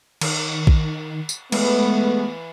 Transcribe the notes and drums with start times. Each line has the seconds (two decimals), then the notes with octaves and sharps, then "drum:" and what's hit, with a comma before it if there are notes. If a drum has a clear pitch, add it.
0.21 D#3, drum: cymbal
0.67 drum: kick
1.29 drum: tambourine
1.52 E3 G#3 A3 B3, drum: cymbal